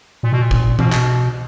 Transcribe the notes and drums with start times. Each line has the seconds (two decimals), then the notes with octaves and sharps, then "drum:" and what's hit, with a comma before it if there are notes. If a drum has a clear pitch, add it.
0.23 A#2
0.32 B2
0.42 A#2
0.51 drum: kick
0.79 B2, drum: tom E3
0.93 drum: clap